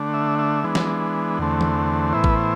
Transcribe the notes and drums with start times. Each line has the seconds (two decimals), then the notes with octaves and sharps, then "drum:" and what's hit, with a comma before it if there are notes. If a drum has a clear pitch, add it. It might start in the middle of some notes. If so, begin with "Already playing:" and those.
Already playing: D3 A3 D4
0.14 E5
0.39 E5
0.64 E3 G#3 B3 D4
0.75 drum: snare
1.38 E2 D3 A3 C4
1.61 drum: tom E3
2.13 A2 E3 B3 E4 C5
2.24 B4, drum: kick A1
2.34 C5